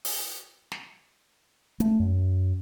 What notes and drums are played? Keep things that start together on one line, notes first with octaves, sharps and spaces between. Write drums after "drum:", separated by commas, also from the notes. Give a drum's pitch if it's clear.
drum: open hi-hat
drum: snare
A3, drum: hi-hat
F#2